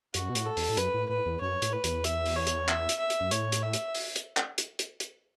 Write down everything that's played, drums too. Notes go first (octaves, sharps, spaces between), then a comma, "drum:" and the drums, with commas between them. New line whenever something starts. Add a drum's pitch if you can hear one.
F#2 F#4, drum: hi-hat
B2
A2, drum: hi-hat
A4
E2, drum: open hi-hat
A2
F#2 B4, drum: hi-hat
A2
A2 B4
E2
F#2 C#5
A2, drum: hi-hat
B4
E2, drum: hi-hat
E5, drum: hi-hat
drum: open hi-hat
C#5
drum: hi-hat
E5, drum: clap
drum: hi-hat
E5
drum: hi-hat
F#2
A2 C#5, drum: hi-hat
drum: hi-hat
E5
drum: hi-hat
drum: open hi-hat
drum: hi-hat
drum: clap
drum: hi-hat
drum: hi-hat
drum: hi-hat